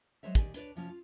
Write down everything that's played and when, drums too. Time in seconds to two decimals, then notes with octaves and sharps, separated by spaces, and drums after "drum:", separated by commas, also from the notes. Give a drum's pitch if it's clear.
0.23 F#3 G#3 C5 C#5 E5
0.35 D#3 G4 D5 G#5, drum: kick, hi-hat
0.54 D4 B4 C#5 D5, drum: hi-hat
0.75 C3 F3 C#4 F4
0.89 F4